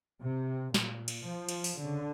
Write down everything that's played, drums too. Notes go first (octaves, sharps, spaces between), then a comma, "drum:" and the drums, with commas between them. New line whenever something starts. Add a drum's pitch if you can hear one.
C3
A#2, drum: snare
drum: cymbal
F3
drum: cymbal
drum: open hi-hat
D3